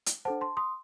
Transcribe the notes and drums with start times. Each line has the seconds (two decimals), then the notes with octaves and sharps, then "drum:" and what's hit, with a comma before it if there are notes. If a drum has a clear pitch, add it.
0.06 drum: hi-hat
0.25 D4 A4 C5 F#5 A5
0.41 A5 C6
0.57 C6 D#6